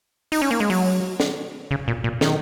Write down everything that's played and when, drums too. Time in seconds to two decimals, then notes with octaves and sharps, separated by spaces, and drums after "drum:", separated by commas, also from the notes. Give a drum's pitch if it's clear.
0.32 D#4, drum: open hi-hat
0.42 C#4
0.51 A#3
0.60 G#3
0.70 F#3, drum: open hi-hat
1.20 drum: snare
1.71 C#3
1.88 A#2
2.04 A#2
2.21 D#3, drum: snare